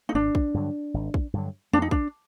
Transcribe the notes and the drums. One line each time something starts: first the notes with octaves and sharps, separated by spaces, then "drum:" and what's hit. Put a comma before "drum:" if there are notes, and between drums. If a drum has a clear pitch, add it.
D#4
G#1 D4
drum: kick
G2 D3 F#3
G#1
drum: kick
G2 D3 F#3
F2 D4
D#4
D4, drum: kick